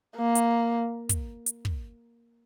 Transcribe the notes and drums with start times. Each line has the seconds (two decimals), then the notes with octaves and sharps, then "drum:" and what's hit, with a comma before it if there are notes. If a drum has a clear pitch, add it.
0.17 A#3
0.35 drum: hi-hat
1.09 drum: kick, hi-hat
1.46 drum: hi-hat
1.65 drum: kick